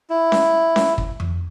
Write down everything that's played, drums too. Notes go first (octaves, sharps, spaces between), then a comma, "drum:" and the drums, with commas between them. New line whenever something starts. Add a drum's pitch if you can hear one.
E4
drum: snare C#4
drum: snare C#4
drum: kick
drum: tom F2